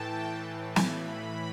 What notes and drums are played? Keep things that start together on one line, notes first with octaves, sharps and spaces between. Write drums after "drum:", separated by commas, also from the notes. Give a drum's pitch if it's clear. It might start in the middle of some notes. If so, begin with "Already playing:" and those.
Already playing: A2 E3 G5 A5
A2 E3
B5, drum: snare